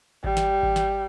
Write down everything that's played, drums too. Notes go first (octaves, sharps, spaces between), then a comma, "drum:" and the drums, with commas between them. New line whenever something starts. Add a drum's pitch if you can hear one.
G3, drum: kick G#1
drum: snare
drum: kick G#1
drum: snare